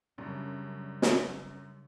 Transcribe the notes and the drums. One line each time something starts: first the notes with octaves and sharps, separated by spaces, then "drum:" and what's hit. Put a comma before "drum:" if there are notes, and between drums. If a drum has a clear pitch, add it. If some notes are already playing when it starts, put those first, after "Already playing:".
F#2 C#3 G3 D4
drum: snare